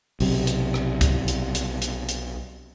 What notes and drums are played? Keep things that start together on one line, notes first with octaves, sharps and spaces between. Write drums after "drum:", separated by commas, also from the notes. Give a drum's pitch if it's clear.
B1 C3, drum: open hi-hat
drum: hi-hat
drum: rim click
drum: kick, hi-hat
drum: hi-hat
drum: hi-hat
drum: hi-hat
drum: hi-hat